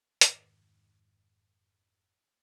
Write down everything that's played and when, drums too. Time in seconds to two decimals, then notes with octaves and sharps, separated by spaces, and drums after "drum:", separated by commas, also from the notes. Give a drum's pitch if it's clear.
0.21 F1 A#1 G#2 D#3, drum: hi-hat